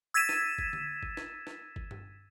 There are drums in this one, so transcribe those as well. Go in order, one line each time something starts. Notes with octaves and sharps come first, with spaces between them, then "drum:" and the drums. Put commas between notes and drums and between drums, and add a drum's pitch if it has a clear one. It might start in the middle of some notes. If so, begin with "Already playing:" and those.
E6 G#6 A6 B6 D#7 E7
drum: snare
drum: kick G1
drum: tom D3
drum: kick G1
drum: snare
drum: snare
drum: kick G1
drum: tom G2